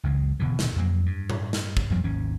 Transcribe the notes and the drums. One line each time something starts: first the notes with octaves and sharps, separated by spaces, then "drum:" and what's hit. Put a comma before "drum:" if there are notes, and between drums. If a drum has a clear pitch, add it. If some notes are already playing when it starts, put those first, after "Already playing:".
F#1 C#2 G#3
D#1 B2 D3 E3
drum: snare
F2 F#3 A#3
G2
drum: tom A2
drum: snare
drum: kick
F2 F3 G3 A#3
G#1 D#2 C#4